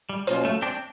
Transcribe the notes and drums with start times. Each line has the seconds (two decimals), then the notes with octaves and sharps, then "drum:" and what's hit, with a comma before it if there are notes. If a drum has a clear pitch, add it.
0.09 G3
0.27 B2 F#3 A#3 C#4 F4, drum: hi-hat
0.45 A3
0.62 C4 D4